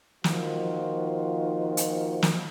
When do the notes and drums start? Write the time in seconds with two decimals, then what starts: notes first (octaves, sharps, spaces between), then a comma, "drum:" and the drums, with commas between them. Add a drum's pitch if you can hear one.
0.24 D#3 F3 A#3 F4 F#4 C5, drum: snare
1.77 drum: hi-hat
2.22 drum: snare